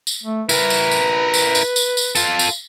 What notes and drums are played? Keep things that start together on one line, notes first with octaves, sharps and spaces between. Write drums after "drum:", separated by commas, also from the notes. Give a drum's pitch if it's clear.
drum: tambourine
A3
E4 A#4 B4, drum: tambourine
drum: tambourine
drum: tambourine
drum: tambourine
drum: tambourine
drum: tambourine
drum: tambourine
F4 A4, drum: tambourine
drum: tambourine